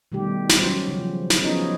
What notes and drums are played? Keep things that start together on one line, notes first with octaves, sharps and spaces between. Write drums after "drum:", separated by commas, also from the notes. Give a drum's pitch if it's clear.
B2 D#3 G3 A3 G4
drum: snare
F#3 C#4 C5
C#3 F3
drum: snare
F3 F#3 B3 C#4 D#4 G#4